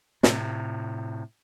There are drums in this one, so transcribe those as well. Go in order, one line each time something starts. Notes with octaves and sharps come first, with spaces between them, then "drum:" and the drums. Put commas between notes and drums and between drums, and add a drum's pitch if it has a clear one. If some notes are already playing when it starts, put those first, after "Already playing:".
A2 C3, drum: snare